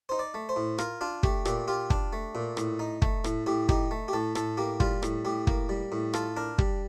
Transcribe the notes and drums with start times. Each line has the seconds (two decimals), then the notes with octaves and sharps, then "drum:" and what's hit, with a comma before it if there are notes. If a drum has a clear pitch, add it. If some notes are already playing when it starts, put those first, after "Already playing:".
0.09 D#4 C5
0.19 D5
0.34 A3
0.49 C5
0.56 A2
0.78 F4 A#4, drum: rim click
1.01 D4 F4
1.23 A3 G4, drum: kick
1.45 A#2 G4, drum: rim click
1.68 F4 G4
1.90 D4, drum: kick
2.13 A3
2.35 A#2
2.57 A2, drum: rim click
2.79 D#4
3.02 A3, drum: kick
3.24 A2, drum: rim click
3.46 A2 G4
3.69 D#4 G4, drum: kick
3.91 A3
4.08 G4
4.13 A2 A4
4.35 A2 A4, drum: rim click
4.57 A#3 G4
4.80 G3 F4, drum: kick
5.03 A2, drum: rim click
5.25 A2 G4
5.47 A#3, drum: kick
5.69 G3
5.92 A2
6.13 F4 A4, drum: rim click
6.37 D4 A#4
6.58 G3, drum: kick